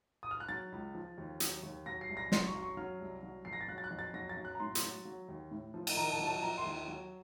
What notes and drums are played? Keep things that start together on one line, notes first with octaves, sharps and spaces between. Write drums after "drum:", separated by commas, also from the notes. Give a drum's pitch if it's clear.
D#6
F6
F#6
F#3 A6
C#2
F3
D#2
F#3, drum: hi-hat
D#2
F#3 A#6
C7
C2
A#6
F#3 C6, drum: snare
C#6
F#2
C#6
F#3 F6
C2
F#3
F2 C7
A#6
A6
F#3 F#6
A6
F#6
F2
A6
F#3 A#6
A6
F#2
F#6
A#5
A2 C6
C6, drum: hi-hat
F#3
F#3
D#2
A2
F3
drum: cymbal
D#3 A#5
A5
F#3
A5
F3 A#5
C6
D#2
F#3